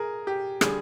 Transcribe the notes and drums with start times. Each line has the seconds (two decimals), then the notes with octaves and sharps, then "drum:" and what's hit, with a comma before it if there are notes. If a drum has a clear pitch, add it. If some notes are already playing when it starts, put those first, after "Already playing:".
Already playing: G#4 A#4
0.27 G4
0.61 D3 G3 G#4, drum: rim click